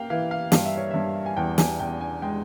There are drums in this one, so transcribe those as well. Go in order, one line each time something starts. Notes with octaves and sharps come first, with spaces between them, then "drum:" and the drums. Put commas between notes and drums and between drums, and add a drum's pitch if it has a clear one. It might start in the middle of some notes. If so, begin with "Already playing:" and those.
Already playing: A#3 F5 G5
E3 F5
F5
G2 F5, drum: snare
E5
C#5
G2 E5
G#5
E2 G5
G#5, drum: snare
E2 G5
G#5
G#3 G5